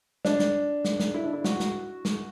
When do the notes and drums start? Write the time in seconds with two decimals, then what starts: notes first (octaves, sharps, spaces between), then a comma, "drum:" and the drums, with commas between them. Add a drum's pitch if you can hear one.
0.25 D4, drum: snare
0.39 drum: snare
0.85 drum: snare
1.00 drum: snare
1.14 E4
1.24 D4
1.33 E4
1.44 F#4, drum: snare
1.60 drum: snare
2.05 drum: snare